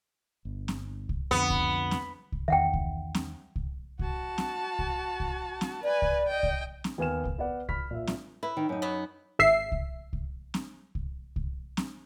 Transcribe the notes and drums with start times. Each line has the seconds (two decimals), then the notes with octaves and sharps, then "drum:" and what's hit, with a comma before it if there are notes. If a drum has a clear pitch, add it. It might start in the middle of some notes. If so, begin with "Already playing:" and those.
0.45 G1
0.68 drum: snare C4
1.09 drum: kick C2
1.31 F2 D3 B3
1.50 drum: kick C2
1.91 drum: snare C4
2.32 drum: kick C2
2.48 E2 D#3 E5 F#5 G5
2.73 drum: kick C2
3.15 drum: snare C4
3.56 drum: kick C2
3.99 F#4 A5, drum: kick C2
4.38 drum: snare C4
4.79 drum: kick C2
5.20 drum: kick C2
5.61 drum: snare C4
5.83 B4 D5 G#5
6.02 drum: kick C2
6.27 D#5 G5
6.43 drum: kick C2
6.84 drum: snare C4
6.98 D#2 B3 G#5 F6 E7
7.25 drum: kick C2
7.38 B3 B4 D5 F#5
7.69 B5 F6 B6, drum: kick C2
7.91 A#2 E5
8.07 drum: snare C4
8.43 E4 B4
8.57 D#3
8.69 F#2 D#4
8.82 F#3 B3
9.39 G#1 E5 C7
9.72 drum: kick C2
10.13 drum: kick C2
10.54 drum: snare C4
10.95 drum: kick C2
11.36 drum: kick C2
11.77 drum: snare C4